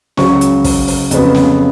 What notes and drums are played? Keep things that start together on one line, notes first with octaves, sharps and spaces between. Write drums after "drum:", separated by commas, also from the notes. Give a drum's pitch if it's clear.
C#2 C#3 F#3 C#6, drum: snare
drum: hi-hat
drum: kick, open hi-hat
drum: open hi-hat
F2 C#3 F#3 B3, drum: hi-hat
drum: snare